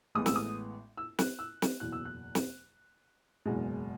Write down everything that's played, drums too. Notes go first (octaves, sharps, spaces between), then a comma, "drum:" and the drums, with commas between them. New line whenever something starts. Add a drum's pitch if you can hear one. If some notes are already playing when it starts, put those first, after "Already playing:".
A1 A2 G#3 B3 D#6
E6, drum: snare
D#6
E6
F#6, drum: snare
E6
drum: snare
F#1 E2 B2 F#6
E6
F#6
drum: snare
F#1 E2 B2 G#3